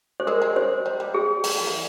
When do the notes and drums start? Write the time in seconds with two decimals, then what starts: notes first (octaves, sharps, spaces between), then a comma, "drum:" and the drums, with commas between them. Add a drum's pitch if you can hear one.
0.20 C5
0.27 G#3 A#4
0.42 G#3
0.56 C5
0.86 G3
1.00 G3
1.14 G#4
1.44 G3, drum: open hi-hat
1.56 F3
1.67 E3